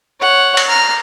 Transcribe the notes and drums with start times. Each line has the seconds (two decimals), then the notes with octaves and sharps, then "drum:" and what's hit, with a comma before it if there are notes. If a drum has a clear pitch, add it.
0.20 C#5 F#5
0.57 drum: cymbal
0.68 A#5 F6